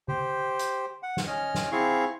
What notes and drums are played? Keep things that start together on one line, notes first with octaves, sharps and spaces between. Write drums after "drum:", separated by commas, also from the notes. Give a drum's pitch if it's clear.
G4 C5, drum: tom C#3
drum: hi-hat
F#5
drum: snare
C#4 D#5 F6
drum: snare
C4 E4 G#4 F5 C#6